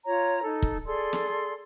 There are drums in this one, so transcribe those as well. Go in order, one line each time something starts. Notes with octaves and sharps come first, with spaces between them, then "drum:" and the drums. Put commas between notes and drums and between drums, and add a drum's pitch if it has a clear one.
F4 C#5 A#5
D#4 A4
drum: kick
G#4 A4 D5 C6
drum: snare